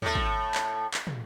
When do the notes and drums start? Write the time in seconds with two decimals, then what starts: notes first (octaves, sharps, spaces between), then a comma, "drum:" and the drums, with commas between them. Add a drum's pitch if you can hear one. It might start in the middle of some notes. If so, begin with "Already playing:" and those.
0.02 A2 A3, drum: tom
0.15 drum: kick
0.55 drum: clap
0.94 drum: clap
1.07 drum: tom